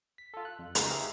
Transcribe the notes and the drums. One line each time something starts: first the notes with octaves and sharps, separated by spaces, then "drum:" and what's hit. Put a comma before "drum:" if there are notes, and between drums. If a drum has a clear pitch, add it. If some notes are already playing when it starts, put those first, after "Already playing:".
B6
F4 A4
F#6
F2
C#2 D#4 A#4 B4 B5, drum: hi-hat
G4 G#4 E5 F5 A#5